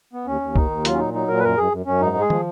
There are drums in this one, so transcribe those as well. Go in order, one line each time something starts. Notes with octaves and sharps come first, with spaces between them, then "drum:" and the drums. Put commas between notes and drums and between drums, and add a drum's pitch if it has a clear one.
B3
D#2 C#4
D#2
D#3 D#4, drum: kick
D#2
F#3 F4, drum: hi-hat
C#4
A#2 D#4
F#3 D#4
A#2 A#4
B4
F#2 A#4
F#2 G#4
F#2
F#2 C#4
G#2 D#4
G#3 G#4
F3, drum: tom